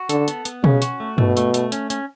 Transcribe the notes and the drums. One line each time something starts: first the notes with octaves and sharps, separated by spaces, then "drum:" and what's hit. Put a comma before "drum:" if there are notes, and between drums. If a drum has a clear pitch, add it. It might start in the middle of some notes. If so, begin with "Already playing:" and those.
Already playing: F#4
D3 A4, drum: hi-hat
B3, drum: hi-hat
B3, drum: hi-hat
C#3 C#4, drum: tom B2
F#4, drum: hi-hat
A3
B2 A3, drum: tom G2
A3, drum: hi-hat
A3, drum: hi-hat
C#4, drum: hi-hat
C#4, drum: hi-hat